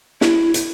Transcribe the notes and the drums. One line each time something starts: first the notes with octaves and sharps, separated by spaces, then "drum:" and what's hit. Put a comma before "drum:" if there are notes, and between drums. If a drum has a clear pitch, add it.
E4, drum: snare
drum: hi-hat